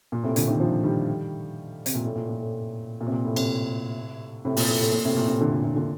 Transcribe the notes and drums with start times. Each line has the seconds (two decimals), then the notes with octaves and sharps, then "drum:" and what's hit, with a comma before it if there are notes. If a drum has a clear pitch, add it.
0.12 A#2
0.23 A2 C3
0.36 A#2 D3, drum: hi-hat
0.47 C3 D#3
0.60 D3 F3
0.83 D#3 G3
1.86 C3, drum: hi-hat
1.94 A#2
2.05 A2
2.16 A#2
2.29 A#2
2.41 A2
3.01 A#2
3.07 C3
3.12 A#2
3.25 A2
3.36 A2 C3, drum: cymbal
4.45 A2 C3
4.57 A#2, drum: open hi-hat
4.68 A2
4.81 A2
4.92 A#2
5.05 A2 C3
5.16 A#2
5.28 A2 C3
5.40 A#2 D3
5.52 A#2
5.64 A#2
5.76 A#2 D3